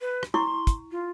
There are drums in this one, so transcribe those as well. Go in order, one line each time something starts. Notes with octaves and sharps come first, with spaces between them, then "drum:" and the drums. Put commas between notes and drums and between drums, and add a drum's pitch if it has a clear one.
B4
drum: rim click
E4 C6 C#6
drum: kick, hi-hat
F4